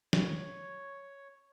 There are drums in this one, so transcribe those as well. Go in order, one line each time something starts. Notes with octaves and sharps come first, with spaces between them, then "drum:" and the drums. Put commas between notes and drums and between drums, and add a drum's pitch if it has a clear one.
C#5, drum: snare